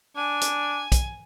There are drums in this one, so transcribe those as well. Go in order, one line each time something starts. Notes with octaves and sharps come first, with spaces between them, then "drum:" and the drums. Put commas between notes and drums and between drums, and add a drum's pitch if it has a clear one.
D4 G#5
drum: hi-hat
drum: kick B1, hi-hat